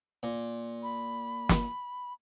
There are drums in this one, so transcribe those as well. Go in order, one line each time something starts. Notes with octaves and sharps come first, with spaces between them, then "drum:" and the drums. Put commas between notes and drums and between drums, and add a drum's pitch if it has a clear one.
A#2
B5
drum: snare